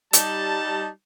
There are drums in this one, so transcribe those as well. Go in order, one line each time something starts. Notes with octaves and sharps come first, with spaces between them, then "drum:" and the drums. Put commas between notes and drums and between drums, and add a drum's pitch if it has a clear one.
G3 D#4 A5, drum: hi-hat